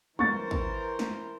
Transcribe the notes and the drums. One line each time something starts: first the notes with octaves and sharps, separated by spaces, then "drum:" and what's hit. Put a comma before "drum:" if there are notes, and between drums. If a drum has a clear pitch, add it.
E3 A#4 C5 C#6 A6, drum: tom
drum: kick
drum: snare